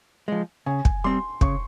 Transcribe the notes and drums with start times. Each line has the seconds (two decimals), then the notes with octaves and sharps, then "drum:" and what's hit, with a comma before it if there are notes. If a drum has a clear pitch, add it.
0.28 F3 G#3
0.66 C#3 G#5
0.85 drum: kick
1.04 G3 C4 C6
1.41 C#3 C#6, drum: kick